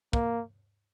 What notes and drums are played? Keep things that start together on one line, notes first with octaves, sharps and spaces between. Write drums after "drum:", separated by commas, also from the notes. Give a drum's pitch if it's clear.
A#3, drum: kick